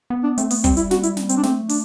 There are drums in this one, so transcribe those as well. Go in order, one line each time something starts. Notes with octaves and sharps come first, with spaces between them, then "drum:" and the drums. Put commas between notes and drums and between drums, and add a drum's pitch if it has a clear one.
B3
D4
A3 C4, drum: hi-hat
B3, drum: open hi-hat
G3 C4, drum: kick, hi-hat
E4, drum: hi-hat
F#4, drum: snare
E4, drum: hi-hat
drum: snare
C4, drum: hi-hat
D4
A3 C4, drum: snare
D4, drum: open hi-hat